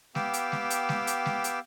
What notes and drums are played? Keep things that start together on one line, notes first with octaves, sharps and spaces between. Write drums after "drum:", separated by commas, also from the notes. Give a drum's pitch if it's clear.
B3 G4 F5 G5 D6 E6, drum: snare G#3
drum: hi-hat
drum: snare G#3
drum: hi-hat
drum: snare G#3
drum: hi-hat
drum: snare G#3
drum: hi-hat